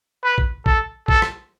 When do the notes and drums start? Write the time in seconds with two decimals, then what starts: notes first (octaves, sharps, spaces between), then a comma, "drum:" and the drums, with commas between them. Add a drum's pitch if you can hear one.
0.24 B4
0.38 drum: kick A#1
0.66 A4, drum: kick A#1
1.08 A4, drum: kick A#1
1.22 drum: rim click